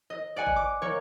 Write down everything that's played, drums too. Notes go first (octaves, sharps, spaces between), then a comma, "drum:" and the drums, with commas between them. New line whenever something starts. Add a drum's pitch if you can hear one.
D#5
D5 F#5 G#5
drum: kick G#1
D6
A#3 C#5